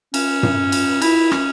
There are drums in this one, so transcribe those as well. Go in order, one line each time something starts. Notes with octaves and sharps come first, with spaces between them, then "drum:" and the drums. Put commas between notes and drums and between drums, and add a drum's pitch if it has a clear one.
C#4, drum: cymbal
drum: tom G2
drum: cymbal
E4, drum: cymbal
C#4, drum: rim click